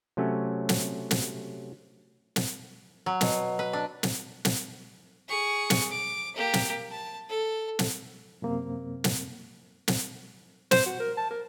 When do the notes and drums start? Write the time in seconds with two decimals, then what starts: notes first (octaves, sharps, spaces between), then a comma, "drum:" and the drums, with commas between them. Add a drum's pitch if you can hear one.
0.17 C3 F#3 A3 C#4
0.69 drum: snare
1.11 drum: snare
2.36 drum: snare
3.06 F#3
3.21 B2, drum: snare
3.59 B4
3.73 D4
4.03 drum: snare
4.45 drum: snare
5.28 G#4 C#6
5.70 drum: snare
5.91 D6
6.36 A#3 G4
6.54 drum: snare
6.91 A5
7.29 A4
7.79 drum: snare
8.42 F#2 C3 A#3 C4
9.04 drum: snare
9.88 drum: snare
10.71 C5, drum: snare
10.86 F#4
11.00 A#4
11.17 A5
11.30 A#4